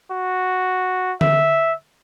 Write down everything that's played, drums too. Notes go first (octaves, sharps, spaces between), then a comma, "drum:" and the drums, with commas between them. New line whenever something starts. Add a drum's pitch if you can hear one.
F#4
E5, drum: tom D3